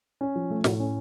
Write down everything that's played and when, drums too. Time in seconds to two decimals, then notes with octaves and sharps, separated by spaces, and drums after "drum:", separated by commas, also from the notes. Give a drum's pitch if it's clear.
0.21 C#4
0.35 F3
0.50 A3
0.64 A2, drum: snare
0.80 C#4